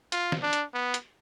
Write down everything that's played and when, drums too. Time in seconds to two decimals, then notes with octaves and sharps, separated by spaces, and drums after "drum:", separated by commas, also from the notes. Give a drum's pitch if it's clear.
0.12 F4, drum: hi-hat
0.32 drum: snare
0.43 D4
0.53 drum: hi-hat
0.74 B3
0.94 drum: hi-hat